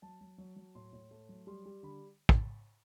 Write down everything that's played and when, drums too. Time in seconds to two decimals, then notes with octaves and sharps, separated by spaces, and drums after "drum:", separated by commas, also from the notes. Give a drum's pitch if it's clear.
0.02 F#3 A5
0.21 F#3
0.38 F#3
0.56 F#3
0.75 A2 C6
0.93 A2
1.11 A3
1.29 F#3
1.47 G3 C6
1.65 G3
1.83 D3 B5
2.29 drum: kick